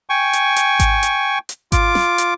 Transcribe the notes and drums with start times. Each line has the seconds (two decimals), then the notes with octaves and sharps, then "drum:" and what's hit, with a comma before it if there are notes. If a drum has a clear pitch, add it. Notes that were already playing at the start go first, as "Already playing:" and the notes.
0.10 G5 G#5 C#6
0.33 drum: hi-hat
0.56 drum: hi-hat
0.80 drum: kick G#1, hi-hat
1.03 drum: hi-hat
1.49 drum: hi-hat
1.72 F4 D6, drum: kick G#1, hi-hat
1.95 drum: snare
2.18 drum: hi-hat